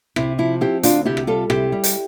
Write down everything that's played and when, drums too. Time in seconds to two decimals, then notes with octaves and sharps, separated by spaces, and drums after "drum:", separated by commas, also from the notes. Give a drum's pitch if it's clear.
0.16 C3 E4, drum: rim click
0.38 F3 E4
0.61 C4 E4 G4
0.83 D2 D4 F4, drum: hi-hat
1.05 C3 E4 G4
1.17 drum: rim click
1.27 G3 F4 A4
1.50 C3 E4 G4, drum: rim click
1.72 G3
1.84 drum: hi-hat